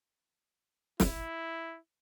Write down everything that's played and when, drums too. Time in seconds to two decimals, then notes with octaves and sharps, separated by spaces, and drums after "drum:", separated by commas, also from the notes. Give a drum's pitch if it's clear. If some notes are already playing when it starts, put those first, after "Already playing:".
1.00 E4, drum: snare